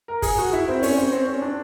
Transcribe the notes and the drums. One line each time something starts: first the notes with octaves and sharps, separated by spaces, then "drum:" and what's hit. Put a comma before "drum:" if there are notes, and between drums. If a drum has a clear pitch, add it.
A#4
G#4, drum: kick, open hi-hat
F#4
E4
C4
C#4, drum: open hi-hat
C4
C4
C#4
D4